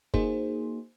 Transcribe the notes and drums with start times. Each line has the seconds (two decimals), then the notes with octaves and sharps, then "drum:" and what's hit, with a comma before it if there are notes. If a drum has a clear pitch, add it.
0.14 A#3 D#4 F#4 G#4 C5, drum: kick